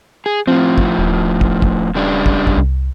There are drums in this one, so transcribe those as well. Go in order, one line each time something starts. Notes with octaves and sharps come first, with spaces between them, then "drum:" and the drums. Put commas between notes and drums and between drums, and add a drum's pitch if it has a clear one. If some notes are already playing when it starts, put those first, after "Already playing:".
G#4
A2 F3 C4
drum: kick
D#1
drum: kick
drum: kick
C#3 G3 D4
drum: kick
drum: kick
C2